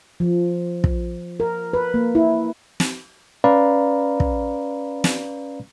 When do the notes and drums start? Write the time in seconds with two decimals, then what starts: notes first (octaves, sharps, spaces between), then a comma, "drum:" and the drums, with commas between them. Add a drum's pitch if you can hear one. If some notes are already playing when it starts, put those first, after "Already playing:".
0.20 F3
0.84 drum: kick
1.40 A#4
1.73 B4
1.94 A#3
2.15 E4
2.80 drum: snare
3.44 C#4 B4 D5 F5 A#5 B5
4.20 drum: kick
5.04 drum: snare